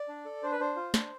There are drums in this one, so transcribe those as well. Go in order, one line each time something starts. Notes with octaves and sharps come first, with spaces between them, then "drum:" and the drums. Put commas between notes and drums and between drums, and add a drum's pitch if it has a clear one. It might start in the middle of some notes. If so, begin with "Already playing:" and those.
Already playing: D5
D4
A4
D4 C5
B4
D4 C5
F4
D4, drum: snare